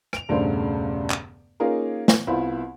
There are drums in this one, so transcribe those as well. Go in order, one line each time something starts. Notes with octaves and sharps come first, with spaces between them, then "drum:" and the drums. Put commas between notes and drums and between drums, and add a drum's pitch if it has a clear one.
D7 F7, drum: rim click
E1 G2 C#3 A3 D4 C5
drum: clap
A#3 C#4 D#4 F4 G#4 A#4
drum: snare
C2 B3 E4 F4 C5 B5